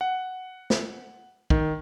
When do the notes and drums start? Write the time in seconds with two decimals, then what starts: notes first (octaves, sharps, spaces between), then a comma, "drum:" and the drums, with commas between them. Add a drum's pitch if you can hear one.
0.01 F#5
0.70 drum: snare
1.50 D#3, drum: kick